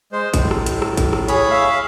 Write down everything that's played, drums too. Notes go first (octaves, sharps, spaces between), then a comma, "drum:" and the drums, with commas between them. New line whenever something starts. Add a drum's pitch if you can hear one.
G#3 C5
A2, drum: kick A1, hi-hat
drum: rim click
drum: hi-hat
drum: rim click
drum: kick A1, hi-hat
drum: rim click
G#4 C#5 B5, drum: hi-hat
E5 F5